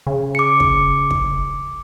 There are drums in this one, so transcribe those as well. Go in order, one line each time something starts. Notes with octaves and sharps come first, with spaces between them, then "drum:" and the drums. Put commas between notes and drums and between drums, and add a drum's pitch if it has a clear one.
C#3
D6 C#7
drum: kick
drum: kick